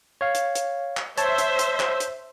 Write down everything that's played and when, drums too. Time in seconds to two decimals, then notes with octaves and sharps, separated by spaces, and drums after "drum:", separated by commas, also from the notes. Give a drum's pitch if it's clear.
0.21 C#5 F5
0.35 drum: hi-hat
0.55 drum: hi-hat
0.97 drum: clap
1.18 C5 C#5 E5 A5, drum: hi-hat
1.38 drum: hi-hat
1.59 drum: hi-hat
1.80 drum: clap
2.00 drum: hi-hat